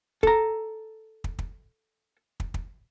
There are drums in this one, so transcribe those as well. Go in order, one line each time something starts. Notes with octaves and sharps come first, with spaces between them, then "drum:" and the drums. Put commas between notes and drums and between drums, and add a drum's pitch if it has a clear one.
A4 A#5, drum: kick
drum: kick
drum: kick
drum: kick
drum: kick